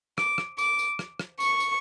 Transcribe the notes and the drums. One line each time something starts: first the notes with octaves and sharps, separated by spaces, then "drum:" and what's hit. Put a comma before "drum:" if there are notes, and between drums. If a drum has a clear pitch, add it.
D6, drum: rim click
drum: rim click
D6, drum: tambourine
drum: tambourine
drum: rim click
drum: rim click
C#6, drum: tambourine
drum: tambourine